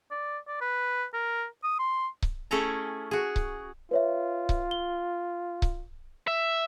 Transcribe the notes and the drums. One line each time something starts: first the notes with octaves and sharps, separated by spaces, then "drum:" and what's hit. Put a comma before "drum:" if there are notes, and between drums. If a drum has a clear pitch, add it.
D5
D5
B4
A#4
D#6
C6
drum: kick C#1
A3 C#4 E4 G#4 A4 A#5
F#4 G#4
drum: kick C#1
F4 B4 C#5 E5
drum: kick C#1
G7
drum: kick C#1
E5